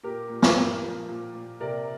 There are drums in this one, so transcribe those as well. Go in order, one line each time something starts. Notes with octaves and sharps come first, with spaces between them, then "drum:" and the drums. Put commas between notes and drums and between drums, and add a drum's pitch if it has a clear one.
A#2 G4 A#4
A#2
drum: snare
A#3
F3
A#2
A#2
C3 A#4 D5